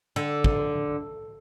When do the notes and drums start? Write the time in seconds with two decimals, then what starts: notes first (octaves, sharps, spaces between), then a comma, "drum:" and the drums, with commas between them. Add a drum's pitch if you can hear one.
0.16 D3
0.44 drum: kick